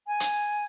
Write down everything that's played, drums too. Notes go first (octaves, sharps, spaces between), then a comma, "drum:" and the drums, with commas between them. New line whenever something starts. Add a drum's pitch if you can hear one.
G#5
drum: hi-hat